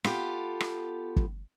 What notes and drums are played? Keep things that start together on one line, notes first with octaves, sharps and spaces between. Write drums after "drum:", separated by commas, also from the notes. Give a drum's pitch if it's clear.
B3 F4 G4 A4, drum: rim click
drum: rim click
drum: kick